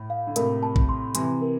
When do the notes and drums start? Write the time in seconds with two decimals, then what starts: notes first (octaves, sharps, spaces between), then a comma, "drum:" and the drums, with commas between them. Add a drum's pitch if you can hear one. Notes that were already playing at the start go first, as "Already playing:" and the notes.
Already playing: A2
0.10 F5
0.27 D3
0.36 A2 C3 A#4, drum: hi-hat
0.63 A5
0.76 drum: kick A1
0.89 C6
1.15 C3 E3 C6, drum: hi-hat
1.41 A#4